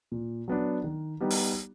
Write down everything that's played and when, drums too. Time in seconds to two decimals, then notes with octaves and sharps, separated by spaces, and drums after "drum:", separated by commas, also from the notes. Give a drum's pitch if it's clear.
0.12 A#2
0.48 F#3 B3 D4
0.84 D#3
1.20 G3 B3 D#4 G4
1.30 drum: open hi-hat